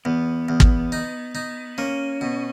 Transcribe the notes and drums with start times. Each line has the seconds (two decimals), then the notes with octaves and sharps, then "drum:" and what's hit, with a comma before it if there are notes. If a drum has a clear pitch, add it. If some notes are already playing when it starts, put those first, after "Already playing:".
0.05 E2 B3
0.49 E2
0.60 drum: kick
0.92 D#4
1.35 D#4
1.78 A#3 C#4
2.21 B2